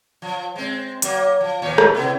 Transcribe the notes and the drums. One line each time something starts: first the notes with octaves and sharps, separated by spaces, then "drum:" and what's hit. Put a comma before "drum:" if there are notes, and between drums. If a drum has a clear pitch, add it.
F3
G#3 C4
F#3 A#3, drum: hi-hat
F3
D#2 A#2 C#5
drum: rim click
C3 B3 E4